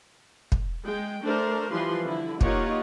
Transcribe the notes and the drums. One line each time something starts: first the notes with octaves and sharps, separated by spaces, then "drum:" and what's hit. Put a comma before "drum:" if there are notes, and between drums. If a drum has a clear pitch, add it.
drum: kick
G#3 G5
A3 D4 A#4 C5
E3 F3 G3 B4 C6
D3 E4
A#3 D#4 F4 G4 C#5 F#5, drum: kick